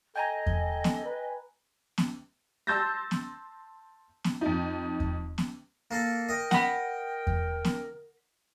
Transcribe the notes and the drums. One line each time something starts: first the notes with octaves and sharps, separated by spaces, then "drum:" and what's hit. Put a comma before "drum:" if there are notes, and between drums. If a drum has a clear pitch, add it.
A4 D#5 G5 G#5 A#5
drum: kick E2
drum: snare B3
B4
drum: snare B3
A5 C6 E6 G6 A6 A#6
drum: snare B3
drum: snare B3
F2 D#4
drum: kick E2
drum: snare B3
A#3 A4
A#4 D#5 G5
F#5 B5, drum: snare B3
drum: kick E2
drum: snare B3